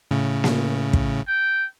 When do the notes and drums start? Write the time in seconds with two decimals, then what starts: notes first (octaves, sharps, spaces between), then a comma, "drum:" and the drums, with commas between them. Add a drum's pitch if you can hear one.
0.11 A2 C#3
0.44 drum: snare A#3
0.93 drum: kick
1.28 G5